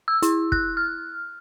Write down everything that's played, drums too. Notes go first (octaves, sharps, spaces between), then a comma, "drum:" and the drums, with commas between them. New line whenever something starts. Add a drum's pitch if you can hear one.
E6
E4, drum: hi-hat
F#6, drum: kick
F6